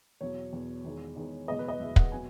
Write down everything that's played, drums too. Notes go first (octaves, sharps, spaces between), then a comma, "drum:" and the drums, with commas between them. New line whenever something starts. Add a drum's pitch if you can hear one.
E2 B2 F#3 C#5
E2 B2 F#3
E2 D#3 G#3
E2 D#3 G#3
F#1 E2 B2 G#3 D#5
B4
D#5
F#1 E2 B2 G#3 E5
F#5, drum: kick
B2 F#3 G#5